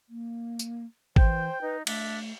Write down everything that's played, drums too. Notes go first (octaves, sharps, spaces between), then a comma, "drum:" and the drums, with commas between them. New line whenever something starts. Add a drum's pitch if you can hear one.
A#3
drum: tambourine
E3 C5 G5, drum: kick A1
D#4 B4
A3 D4 E5, drum: cymbal